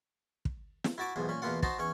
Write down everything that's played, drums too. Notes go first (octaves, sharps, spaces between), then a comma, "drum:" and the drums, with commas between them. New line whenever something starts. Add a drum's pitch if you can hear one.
drum: kick
drum: snare
E4 F#4 A5 D6
B1 E2 G#2 F3
A#2 C#4
E2 B2 A#3 F4 F#5
D#4 F#4 C5 D#5 A5, drum: kick
E2 C#4 C#5